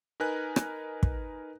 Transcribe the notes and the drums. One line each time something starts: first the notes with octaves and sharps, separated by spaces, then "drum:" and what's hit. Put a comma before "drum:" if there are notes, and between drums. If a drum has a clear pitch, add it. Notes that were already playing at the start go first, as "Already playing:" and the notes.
D#4 A#4 B4 G#5 F#6
drum: rim click
drum: kick